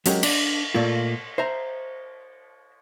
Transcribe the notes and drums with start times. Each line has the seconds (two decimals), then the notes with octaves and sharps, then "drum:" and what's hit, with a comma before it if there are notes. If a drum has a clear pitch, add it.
0.06 F#3 G#3 C#4 F#4 G4 A#4, drum: hi-hat
0.23 D4, drum: cymbal
0.74 A#2 A3 A#3 F4
1.38 C5 E5 A#5